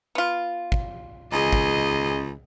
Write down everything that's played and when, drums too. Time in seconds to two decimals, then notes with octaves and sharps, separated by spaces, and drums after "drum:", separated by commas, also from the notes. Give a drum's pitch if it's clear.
0.15 B3 F4
0.72 drum: kick
1.32 C#2 G#4 D#5
1.53 drum: kick